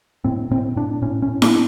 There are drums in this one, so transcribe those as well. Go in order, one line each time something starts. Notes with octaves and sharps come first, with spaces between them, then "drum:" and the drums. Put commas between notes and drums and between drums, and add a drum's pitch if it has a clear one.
A2 C4
A2 C4
A2 D4
A2 C#4
C#4
A2
D4, drum: snare E4